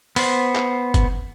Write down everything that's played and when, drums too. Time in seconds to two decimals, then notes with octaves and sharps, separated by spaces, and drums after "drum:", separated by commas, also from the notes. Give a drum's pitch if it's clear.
0.16 B3 C5, drum: open hi-hat
0.55 drum: clap
0.94 drum: kick G1, hi-hat